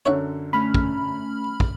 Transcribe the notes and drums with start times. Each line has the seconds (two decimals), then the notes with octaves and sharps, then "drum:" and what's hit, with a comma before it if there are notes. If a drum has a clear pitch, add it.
0.06 F#2 D3 C#5 E5 F#5
0.53 A3 C#4 B5 F6
0.74 drum: kick
1.60 drum: kick